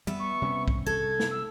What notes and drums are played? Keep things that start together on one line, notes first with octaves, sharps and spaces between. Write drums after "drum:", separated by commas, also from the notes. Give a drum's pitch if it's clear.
G3 B3 E5
C#6
C3 G3 C#4
drum: kick
A4 G#6
drum: snare
E6